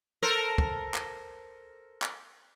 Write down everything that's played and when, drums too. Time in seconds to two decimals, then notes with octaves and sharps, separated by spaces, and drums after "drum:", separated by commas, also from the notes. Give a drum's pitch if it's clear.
0.22 A4 A#4 C5
0.58 drum: kick
0.94 drum: clap
2.02 drum: clap